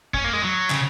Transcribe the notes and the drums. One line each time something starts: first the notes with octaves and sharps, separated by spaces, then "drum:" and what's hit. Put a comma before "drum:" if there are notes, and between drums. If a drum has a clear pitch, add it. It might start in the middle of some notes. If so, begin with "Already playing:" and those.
C#4, drum: kick
A#3
G#3
F#3
C#3, drum: clap